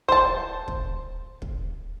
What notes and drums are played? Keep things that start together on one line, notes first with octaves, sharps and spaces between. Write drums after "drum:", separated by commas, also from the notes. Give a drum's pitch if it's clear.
C5 A5, drum: kick
drum: kick
drum: kick